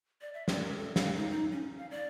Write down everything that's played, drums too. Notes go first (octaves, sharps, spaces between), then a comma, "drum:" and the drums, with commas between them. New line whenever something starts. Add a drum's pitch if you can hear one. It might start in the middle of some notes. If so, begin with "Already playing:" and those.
D5
E5
D5, drum: snare
A#4
A4
F5, drum: snare
D#4
D#4
C#4
F5
D5